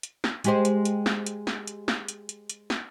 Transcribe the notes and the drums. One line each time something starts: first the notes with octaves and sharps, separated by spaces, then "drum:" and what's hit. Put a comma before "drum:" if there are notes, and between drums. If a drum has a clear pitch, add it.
drum: hi-hat
drum: snare
G#3 G4 C5, drum: hi-hat
drum: hi-hat
drum: hi-hat
drum: snare
drum: hi-hat
drum: snare
drum: hi-hat
drum: snare
drum: hi-hat
drum: hi-hat
drum: hi-hat
drum: snare